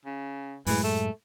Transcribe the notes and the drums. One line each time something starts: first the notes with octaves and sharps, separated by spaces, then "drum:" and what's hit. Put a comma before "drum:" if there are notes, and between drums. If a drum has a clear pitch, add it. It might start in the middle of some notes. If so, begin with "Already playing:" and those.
C#3
F#2 A2 E3 G#3, drum: open hi-hat
A3